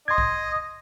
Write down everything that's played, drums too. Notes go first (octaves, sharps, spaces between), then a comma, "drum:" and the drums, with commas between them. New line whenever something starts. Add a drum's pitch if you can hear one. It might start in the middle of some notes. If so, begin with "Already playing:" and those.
D#5 C6 G#6
drum: kick B1